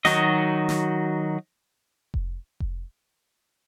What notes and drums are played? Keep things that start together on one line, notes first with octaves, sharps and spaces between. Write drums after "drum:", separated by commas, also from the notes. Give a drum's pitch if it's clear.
D#3 F#3 D#4 F#4 D#5, drum: snare
drum: snare
drum: kick F1
drum: kick F1